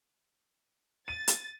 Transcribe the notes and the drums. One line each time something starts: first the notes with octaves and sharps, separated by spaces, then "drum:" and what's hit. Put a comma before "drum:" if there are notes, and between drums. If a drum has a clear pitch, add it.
A6 D#7
drum: hi-hat